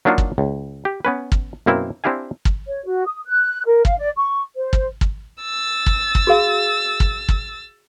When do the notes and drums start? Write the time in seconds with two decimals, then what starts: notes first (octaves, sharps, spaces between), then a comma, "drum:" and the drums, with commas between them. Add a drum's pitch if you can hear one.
0.05 F#3 A#3 D4 D#4 F4 F#4
0.18 drum: kick
0.38 C#2
0.85 G4
1.05 B3 C#4 B4
1.32 drum: kick
1.66 F#2 B2 A#3 C4 E4
2.04 C4 D4 E4 G4 F5 G#5
2.45 drum: kick
2.66 C#5
2.85 F#4
3.06 D#6
3.26 F#6
3.65 A#4
3.85 F5, drum: kick
3.97 D5
4.16 C#6
4.56 C5
4.73 drum: kick
5.01 drum: kick
5.42 E6 A6
5.86 drum: kick
6.15 drum: kick
6.27 F#4 G#4 F5
7.00 drum: kick
7.29 drum: kick